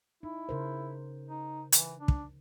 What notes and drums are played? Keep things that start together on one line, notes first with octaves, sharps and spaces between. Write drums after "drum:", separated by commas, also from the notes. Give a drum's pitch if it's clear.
D#4 E4
C#3 A#4 C5
D#4
E3, drum: hi-hat
D4
drum: kick